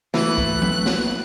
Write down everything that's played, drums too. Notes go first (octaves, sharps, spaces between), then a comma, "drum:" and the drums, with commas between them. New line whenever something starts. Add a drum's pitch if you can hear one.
E3 A3 F#6, drum: snare
drum: kick
drum: tom F3
drum: snare